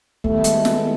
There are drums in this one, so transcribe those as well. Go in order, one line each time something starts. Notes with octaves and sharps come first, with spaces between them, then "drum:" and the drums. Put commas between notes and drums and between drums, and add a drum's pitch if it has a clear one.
D#3 G3 A3 B3 E4, drum: kick
G#3, drum: hi-hat
drum: snare